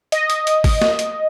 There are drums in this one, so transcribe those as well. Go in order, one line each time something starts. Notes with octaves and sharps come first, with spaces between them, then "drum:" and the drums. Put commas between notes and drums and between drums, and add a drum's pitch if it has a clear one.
D#5, drum: hi-hat
drum: hi-hat
drum: hi-hat
drum: kick G#1, open hi-hat
drum: snare
drum: hi-hat